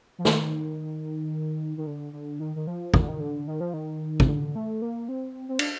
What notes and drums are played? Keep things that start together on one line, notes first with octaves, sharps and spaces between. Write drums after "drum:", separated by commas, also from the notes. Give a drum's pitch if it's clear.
F3
D#3, drum: snare
D#3
D3
D3
D#3
D#3
F3
D#3, drum: kick
D3
D#3
D3
D#3
F3
D#3
C3, drum: kick
D3
A3
A#3
C4
C4
D4, drum: cymbal